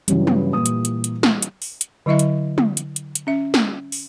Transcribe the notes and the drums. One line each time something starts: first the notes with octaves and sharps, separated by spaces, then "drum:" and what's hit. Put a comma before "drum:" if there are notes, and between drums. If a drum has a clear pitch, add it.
G2 C#3 E3 F#3 G3, drum: hi-hat
drum: tom
A#2 D#6
drum: hi-hat
drum: hi-hat
drum: hi-hat
drum: snare
drum: hi-hat
drum: open hi-hat
drum: hi-hat
D3 F#3 E4 D#5 E5
drum: hi-hat
drum: tom
drum: hi-hat
drum: hi-hat
drum: hi-hat
C#4 E5
drum: snare
drum: open hi-hat